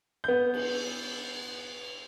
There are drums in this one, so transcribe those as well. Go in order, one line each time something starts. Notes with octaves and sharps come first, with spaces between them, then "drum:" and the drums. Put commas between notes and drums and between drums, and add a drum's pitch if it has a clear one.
B3 G6
drum: cymbal